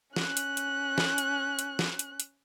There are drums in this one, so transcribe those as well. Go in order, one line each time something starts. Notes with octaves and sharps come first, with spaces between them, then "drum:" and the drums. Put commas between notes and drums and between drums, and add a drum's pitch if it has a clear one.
C#4 F#6, drum: snare
drum: hi-hat
drum: hi-hat
drum: snare
drum: hi-hat
drum: hi-hat
drum: snare
drum: hi-hat
drum: hi-hat